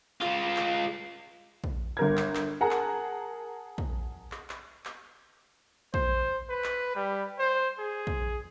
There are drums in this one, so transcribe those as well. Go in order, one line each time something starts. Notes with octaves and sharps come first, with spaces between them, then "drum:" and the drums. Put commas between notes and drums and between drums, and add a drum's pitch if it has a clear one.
G#3 F4, drum: clap
drum: clap
drum: kick
G1 A#4 G#6
drum: clap
drum: clap
G#4 A#4 F#5 A5 A#5
drum: clap
drum: kick
drum: clap
drum: clap
drum: clap
C5, drum: kick
B4
drum: clap
G3
C5
G#4
drum: kick